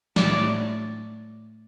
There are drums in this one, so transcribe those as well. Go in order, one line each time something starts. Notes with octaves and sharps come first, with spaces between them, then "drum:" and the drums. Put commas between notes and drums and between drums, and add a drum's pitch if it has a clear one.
A2 D5, drum: snare